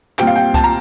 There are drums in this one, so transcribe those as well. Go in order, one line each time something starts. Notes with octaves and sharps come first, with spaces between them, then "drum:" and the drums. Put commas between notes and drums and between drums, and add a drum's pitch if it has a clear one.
A#2 G3 C4 G5, drum: clap
F5
G5
A5, drum: kick C2, hi-hat
A#5